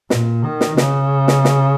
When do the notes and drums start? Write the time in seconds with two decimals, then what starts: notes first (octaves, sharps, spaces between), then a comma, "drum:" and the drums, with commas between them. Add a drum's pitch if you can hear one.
0.10 A#2, drum: snare
0.44 D#3
0.61 drum: snare
0.77 C#3, drum: snare
1.28 drum: snare
1.45 drum: snare